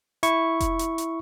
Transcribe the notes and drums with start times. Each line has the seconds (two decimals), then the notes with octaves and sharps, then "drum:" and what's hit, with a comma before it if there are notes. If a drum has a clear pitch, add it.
0.23 E4 C#6, drum: hi-hat
0.60 drum: kick F1, hi-hat
0.79 drum: hi-hat
0.98 drum: hi-hat